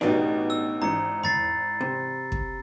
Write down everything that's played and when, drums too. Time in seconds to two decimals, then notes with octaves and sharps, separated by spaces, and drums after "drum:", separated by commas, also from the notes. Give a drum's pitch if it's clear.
0.01 A1 B2 B3 D4 D#4 G4, drum: snare
0.50 E6
0.82 G#1 E3 A#5 C#7
1.23 B5 A6 C7, drum: tom E2
1.81 C3
2.32 drum: kick